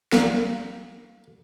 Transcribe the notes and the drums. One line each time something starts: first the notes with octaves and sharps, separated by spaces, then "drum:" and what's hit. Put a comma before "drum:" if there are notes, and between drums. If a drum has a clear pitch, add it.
A#3, drum: snare